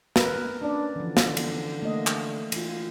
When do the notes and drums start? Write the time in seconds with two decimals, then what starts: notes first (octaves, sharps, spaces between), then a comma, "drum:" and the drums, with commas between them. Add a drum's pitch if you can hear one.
0.16 A#4 B4, drum: snare
0.62 A#3 C#4 D4 D5
0.96 D3 E3 F3
1.17 drum: snare
1.37 drum: cymbal
1.82 A3 A#3 D#5
2.07 drum: clap
2.52 E3 F4, drum: cymbal